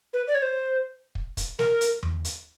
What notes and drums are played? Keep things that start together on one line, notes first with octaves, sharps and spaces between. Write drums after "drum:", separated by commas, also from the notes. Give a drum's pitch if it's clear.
B4
D5
C#5
C5
drum: kick
drum: kick, hi-hat
A#4, drum: snare
drum: hi-hat
drum: tom E2
drum: hi-hat